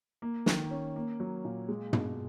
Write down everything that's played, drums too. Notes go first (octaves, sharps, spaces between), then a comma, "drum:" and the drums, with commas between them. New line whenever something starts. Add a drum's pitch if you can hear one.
A#3
D#3, drum: snare
C#4
A#3
F#3
A#2
G#3
B2, drum: tom